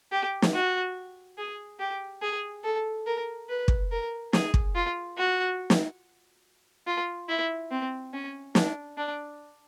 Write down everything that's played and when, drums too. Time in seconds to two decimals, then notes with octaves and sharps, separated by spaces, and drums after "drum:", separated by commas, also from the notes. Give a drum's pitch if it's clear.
0.12 G4
0.42 drum: snare
0.53 F#4
1.38 G#4
1.80 G4
2.22 G#4
2.64 A4
3.07 A#4
3.49 B4
3.68 drum: kick
3.91 A#4
4.33 G#4, drum: snare
4.54 drum: kick
4.75 F4
5.18 F#4
5.70 drum: snare
6.87 F4
7.29 E4
7.71 C4
8.13 C#4
8.55 D4, drum: snare
8.97 D4